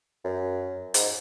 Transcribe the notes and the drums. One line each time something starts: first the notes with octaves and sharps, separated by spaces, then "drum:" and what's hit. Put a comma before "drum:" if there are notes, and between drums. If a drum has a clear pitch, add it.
F#2
G#2, drum: hi-hat